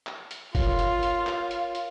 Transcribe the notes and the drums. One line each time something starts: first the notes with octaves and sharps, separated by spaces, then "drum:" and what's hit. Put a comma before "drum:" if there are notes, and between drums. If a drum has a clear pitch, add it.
drum: clap
drum: hi-hat
F4 A#4 C#5 F5, drum: kick, open hi-hat
drum: hi-hat
drum: hi-hat
drum: clap
drum: hi-hat
drum: hi-hat